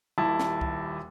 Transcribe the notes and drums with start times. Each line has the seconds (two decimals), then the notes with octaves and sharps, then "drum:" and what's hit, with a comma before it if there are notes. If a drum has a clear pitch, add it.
0.18 D#1 D#2 E4 A5
0.39 drum: snare
0.61 drum: kick C2